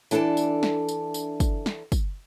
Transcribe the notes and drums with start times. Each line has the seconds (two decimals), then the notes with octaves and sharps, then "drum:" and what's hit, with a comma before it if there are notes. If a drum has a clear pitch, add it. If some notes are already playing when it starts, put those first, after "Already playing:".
0.11 E3 D4 A4 D5 A5, drum: tambourine
0.37 drum: tambourine
0.63 drum: snare
0.89 drum: tambourine
1.14 drum: tambourine
1.40 drum: kick, tambourine
1.66 drum: snare
1.92 drum: kick, tambourine